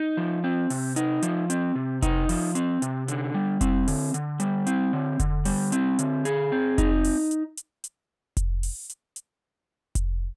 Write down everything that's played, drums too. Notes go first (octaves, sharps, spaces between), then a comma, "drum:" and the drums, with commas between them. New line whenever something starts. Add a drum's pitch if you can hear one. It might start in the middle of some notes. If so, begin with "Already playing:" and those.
Already playing: D#4
F3
C4
C3, drum: open hi-hat
D#4, drum: hi-hat
F3, drum: hi-hat
C4, drum: hi-hat
C3
D#4, drum: kick F1, hi-hat
F3, drum: open hi-hat
C4, drum: hi-hat
C3, drum: hi-hat
D3, drum: hi-hat
G3
C4, drum: kick F1, hi-hat
D3, drum: open hi-hat
D3, drum: hi-hat
G3, drum: hi-hat
C4, drum: hi-hat
D3
D3, drum: kick F1, hi-hat
G3, drum: open hi-hat
C4, drum: hi-hat
D3, drum: hi-hat
G#4, drum: hi-hat
C4
D#4, drum: kick F1, hi-hat
drum: open hi-hat
drum: hi-hat
drum: hi-hat
drum: hi-hat
drum: kick F1, hi-hat
drum: open hi-hat
drum: hi-hat
drum: hi-hat
drum: kick F1, hi-hat